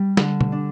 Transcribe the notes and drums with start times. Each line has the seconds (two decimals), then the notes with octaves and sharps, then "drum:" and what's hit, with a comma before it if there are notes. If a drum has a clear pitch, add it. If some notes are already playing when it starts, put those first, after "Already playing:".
Already playing: G3
0.17 D3, drum: snare
0.41 drum: tom
0.52 D4